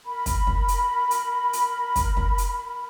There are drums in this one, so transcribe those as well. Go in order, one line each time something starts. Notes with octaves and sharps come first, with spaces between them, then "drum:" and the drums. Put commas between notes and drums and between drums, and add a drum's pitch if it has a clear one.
A#4 B5
drum: kick, hi-hat
drum: kick
drum: hi-hat
drum: hi-hat
drum: hi-hat
drum: kick, hi-hat
drum: kick
drum: hi-hat